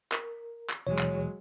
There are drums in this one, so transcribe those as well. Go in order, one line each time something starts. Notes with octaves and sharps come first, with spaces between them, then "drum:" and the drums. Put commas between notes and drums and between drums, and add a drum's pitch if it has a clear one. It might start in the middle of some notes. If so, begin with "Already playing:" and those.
A#4, drum: clap
drum: clap
D#2 B2 E3 F#3 G#3 C#5
drum: clap